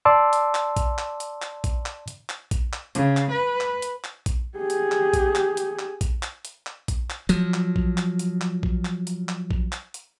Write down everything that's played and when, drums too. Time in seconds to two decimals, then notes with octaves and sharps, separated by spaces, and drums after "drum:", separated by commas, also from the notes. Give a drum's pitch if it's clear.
0.05 D5 A5 C6 D6 E6
0.33 drum: hi-hat
0.55 drum: clap
0.77 drum: kick, hi-hat
0.98 drum: clap
1.20 drum: hi-hat
1.42 drum: clap
1.64 drum: kick, hi-hat
1.86 drum: clap
2.08 drum: hi-hat
2.29 drum: clap
2.51 drum: kick, hi-hat
2.73 drum: clap
2.95 C#3, drum: hi-hat
3.17 drum: clap
3.31 B4
3.61 drum: clap
3.82 drum: hi-hat
4.04 drum: clap
4.26 drum: kick, hi-hat
4.57 G4 G#4
4.70 drum: hi-hat
4.92 drum: clap
5.14 drum: kick, hi-hat
5.35 drum: clap
5.57 drum: hi-hat
5.79 drum: clap
6.01 drum: kick, hi-hat
6.23 drum: clap
6.45 drum: hi-hat
6.66 drum: clap
6.88 drum: kick, hi-hat
7.10 drum: clap
7.29 F3 F#3, drum: hi-hat
7.54 drum: clap
7.76 drum: kick
7.98 drum: clap
8.19 drum: hi-hat
8.41 drum: clap
8.63 drum: kick
8.85 drum: clap
9.07 drum: hi-hat
9.29 drum: clap
9.51 drum: kick
9.72 drum: clap
9.94 drum: hi-hat